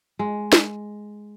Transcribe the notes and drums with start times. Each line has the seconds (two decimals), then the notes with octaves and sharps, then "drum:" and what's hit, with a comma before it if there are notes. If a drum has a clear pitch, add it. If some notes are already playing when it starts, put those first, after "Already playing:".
0.19 G#3
0.53 drum: snare